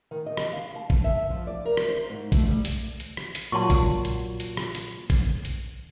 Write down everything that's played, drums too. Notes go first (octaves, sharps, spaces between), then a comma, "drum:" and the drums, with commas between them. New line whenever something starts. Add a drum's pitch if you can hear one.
D#3
D#5
drum: rim click
F5
A5
drum: kick
E5
F3
D5
A#4
drum: rim click
C5
G#2
A3, drum: kick, hi-hat
G3
drum: hi-hat
drum: hi-hat
drum: rim click
drum: hi-hat
A#2 F#3 A5 C6 C#6
drum: kick, hi-hat
drum: hi-hat
drum: hi-hat
drum: rim click
drum: hi-hat
drum: kick, hi-hat
drum: hi-hat